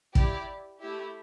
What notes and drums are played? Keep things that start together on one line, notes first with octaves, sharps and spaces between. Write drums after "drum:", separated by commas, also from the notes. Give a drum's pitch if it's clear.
E4 G4 D5, drum: kick
A3 E4 G4